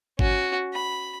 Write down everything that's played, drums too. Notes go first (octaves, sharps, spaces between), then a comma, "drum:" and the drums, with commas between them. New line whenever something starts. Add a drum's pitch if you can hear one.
C#4 F#4, drum: kick G#1
B5